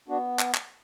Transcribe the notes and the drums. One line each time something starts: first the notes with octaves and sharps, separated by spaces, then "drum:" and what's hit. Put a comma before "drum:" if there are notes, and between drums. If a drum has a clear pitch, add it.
B3 D4 F#4
drum: clap
drum: clap